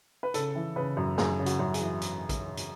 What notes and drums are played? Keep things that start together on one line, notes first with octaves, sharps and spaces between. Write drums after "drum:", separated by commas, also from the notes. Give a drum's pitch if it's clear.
B4
C#3 A4, drum: hi-hat
E3
C#3 B4
F#2
F#2 G#4, drum: snare
C#3
F#4, drum: hi-hat
F#2
G#4, drum: hi-hat
E3
drum: hi-hat
drum: kick, hi-hat
drum: hi-hat